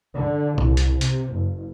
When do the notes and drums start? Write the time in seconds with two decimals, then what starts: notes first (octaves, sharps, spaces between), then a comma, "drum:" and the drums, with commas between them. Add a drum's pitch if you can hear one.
0.13 D3
0.58 C2, drum: tom A#2
0.77 drum: hi-hat
1.01 C3, drum: hi-hat
1.31 F#1